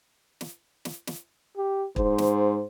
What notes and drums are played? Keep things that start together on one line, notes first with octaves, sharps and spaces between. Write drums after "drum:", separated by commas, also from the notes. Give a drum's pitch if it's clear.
drum: snare
drum: snare
drum: snare
G4
G#2 C5, drum: kick
drum: snare